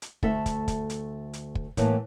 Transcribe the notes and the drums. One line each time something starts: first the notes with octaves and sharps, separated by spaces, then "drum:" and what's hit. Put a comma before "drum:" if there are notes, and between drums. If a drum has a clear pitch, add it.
drum: hi-hat
D2 A3 A4 E5, drum: kick
drum: kick, hi-hat
drum: kick, hi-hat
drum: hi-hat
drum: hi-hat
drum: kick
A2 E3 A3 A#3, drum: kick, hi-hat